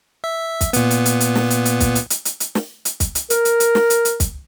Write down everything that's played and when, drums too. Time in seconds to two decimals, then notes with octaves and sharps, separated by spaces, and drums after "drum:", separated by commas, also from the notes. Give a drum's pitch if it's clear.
0.24 E5
0.61 drum: kick, hi-hat
0.73 A#2 B3, drum: hi-hat
0.91 drum: hi-hat
1.06 drum: hi-hat
1.20 drum: hi-hat
1.35 drum: snare
1.50 drum: hi-hat
1.65 drum: hi-hat
1.80 drum: kick, hi-hat
1.95 drum: hi-hat
2.10 drum: hi-hat
2.25 drum: hi-hat
2.40 drum: hi-hat
2.55 drum: snare
2.85 drum: hi-hat
3.00 drum: kick, hi-hat
3.15 drum: hi-hat
3.30 A#4, drum: hi-hat
3.45 drum: hi-hat
3.60 drum: hi-hat
3.75 drum: snare
3.90 drum: hi-hat
4.05 drum: hi-hat
4.20 drum: kick, hi-hat